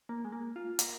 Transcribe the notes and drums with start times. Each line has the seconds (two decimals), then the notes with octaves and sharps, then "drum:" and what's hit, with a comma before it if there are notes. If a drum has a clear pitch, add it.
0.09 A#3
0.25 G#3
0.32 A#3
0.56 F4
0.79 A#4, drum: hi-hat